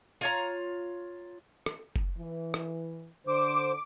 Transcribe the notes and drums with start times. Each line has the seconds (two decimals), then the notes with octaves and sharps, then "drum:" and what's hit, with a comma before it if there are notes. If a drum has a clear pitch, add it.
0.21 F4 C#5 A#5
1.66 drum: rim click
1.96 drum: kick F#1
2.18 E3
2.54 drum: rim click
3.27 D3 C5 D6